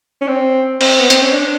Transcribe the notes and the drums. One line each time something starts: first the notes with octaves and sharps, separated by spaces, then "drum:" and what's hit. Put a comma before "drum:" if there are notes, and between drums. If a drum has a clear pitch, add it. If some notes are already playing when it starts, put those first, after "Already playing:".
C#4
C4
C4, drum: cymbal
B3
C4, drum: hi-hat
C#4
D4